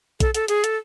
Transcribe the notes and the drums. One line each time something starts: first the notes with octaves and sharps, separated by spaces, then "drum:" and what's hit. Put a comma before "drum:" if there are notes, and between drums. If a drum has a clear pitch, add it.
A4, drum: kick, hi-hat
A4, drum: hi-hat
G#4, drum: hi-hat
A4, drum: hi-hat